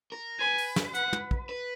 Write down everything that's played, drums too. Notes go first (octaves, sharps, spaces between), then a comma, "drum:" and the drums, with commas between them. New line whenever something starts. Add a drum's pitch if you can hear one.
A#4
B4 G#5
drum: open hi-hat
drum: snare
F#5, drum: hi-hat
drum: tom
drum: kick
B4